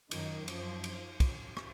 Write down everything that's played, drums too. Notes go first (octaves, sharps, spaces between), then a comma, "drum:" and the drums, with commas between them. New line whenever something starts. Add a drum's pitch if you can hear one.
F#2 D#3, drum: cymbal
F#2 F3, drum: cymbal
drum: cymbal
drum: kick, cymbal
drum: rim click